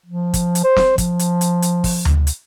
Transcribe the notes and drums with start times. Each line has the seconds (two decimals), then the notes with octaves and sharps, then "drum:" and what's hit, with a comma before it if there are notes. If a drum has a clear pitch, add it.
0.06 F3
0.34 drum: kick, hi-hat
0.55 drum: hi-hat
0.64 C5
0.76 drum: snare
0.98 F3, drum: kick, hi-hat
1.19 drum: hi-hat
1.41 drum: hi-hat
1.62 drum: hi-hat
1.84 drum: kick, open hi-hat
2.05 drum: tom D2
2.27 drum: hi-hat